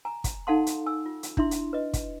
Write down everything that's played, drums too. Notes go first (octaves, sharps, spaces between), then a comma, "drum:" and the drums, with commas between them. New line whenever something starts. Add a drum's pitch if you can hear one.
G#5 A#5
drum: kick, hi-hat
D#4 A4 F5 F#5 A5 C6
drum: hi-hat
G#5 E6
F4
drum: hi-hat
D4 E4 E5 C6, drum: kick
drum: hi-hat
B4 D#5
drum: kick, hi-hat